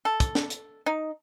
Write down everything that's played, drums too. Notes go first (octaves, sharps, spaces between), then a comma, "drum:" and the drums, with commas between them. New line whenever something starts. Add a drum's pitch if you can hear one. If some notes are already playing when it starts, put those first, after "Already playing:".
A4
drum: kick, hi-hat
drum: snare
drum: hi-hat
D#4